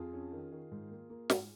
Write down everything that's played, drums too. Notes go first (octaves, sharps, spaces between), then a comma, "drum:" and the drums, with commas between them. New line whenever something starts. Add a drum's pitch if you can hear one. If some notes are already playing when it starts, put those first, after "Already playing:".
Already playing: F2 F4 G#4
C#4
D#3
D#3
G#2
A#3
A#3
G#2, drum: snare